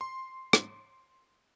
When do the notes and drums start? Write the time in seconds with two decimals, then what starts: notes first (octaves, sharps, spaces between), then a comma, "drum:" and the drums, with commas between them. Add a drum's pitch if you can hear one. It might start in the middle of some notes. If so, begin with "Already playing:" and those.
0.01 C6
0.53 drum: rim click